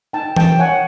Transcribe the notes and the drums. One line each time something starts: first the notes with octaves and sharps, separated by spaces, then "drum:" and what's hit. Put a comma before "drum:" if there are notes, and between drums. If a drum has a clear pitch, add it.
D#4 G5 A5
A#4 G5 A5, drum: tom E3
C#5 F#5 G#5